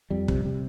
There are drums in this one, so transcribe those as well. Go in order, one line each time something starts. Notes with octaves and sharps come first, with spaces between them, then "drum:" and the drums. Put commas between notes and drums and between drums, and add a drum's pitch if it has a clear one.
F2 G3
C3, drum: kick
C3